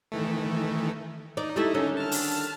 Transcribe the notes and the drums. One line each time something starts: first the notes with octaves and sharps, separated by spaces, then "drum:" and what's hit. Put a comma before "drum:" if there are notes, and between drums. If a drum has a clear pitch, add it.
D#3 E3 A3
D#4 D5
G3 A3 E4
D3 D#3 C#4
A5 F6
drum: open hi-hat